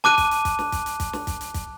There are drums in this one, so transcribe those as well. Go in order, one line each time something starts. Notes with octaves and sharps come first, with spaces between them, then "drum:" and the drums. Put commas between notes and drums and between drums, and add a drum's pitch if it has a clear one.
A5 D6 F#6 D#7, drum: snare
drum: kick, hi-hat
drum: hi-hat
drum: kick, hi-hat
drum: snare
drum: kick, hi-hat
drum: hi-hat
drum: kick, hi-hat
drum: snare
drum: kick, hi-hat
drum: hi-hat
drum: kick, hi-hat